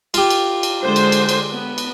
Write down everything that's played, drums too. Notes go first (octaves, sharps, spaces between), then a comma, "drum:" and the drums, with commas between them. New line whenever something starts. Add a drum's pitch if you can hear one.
F4 G4, drum: cymbal
drum: cymbal
drum: cymbal
D3 G#3 C5
drum: cymbal
drum: cymbal
drum: cymbal
B3
drum: cymbal